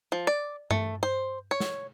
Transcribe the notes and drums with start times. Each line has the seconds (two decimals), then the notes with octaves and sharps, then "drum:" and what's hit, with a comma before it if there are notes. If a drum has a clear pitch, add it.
0.12 F3
0.27 D5
0.71 A3, drum: tom G2
1.03 C5
1.51 C#5
1.60 drum: snare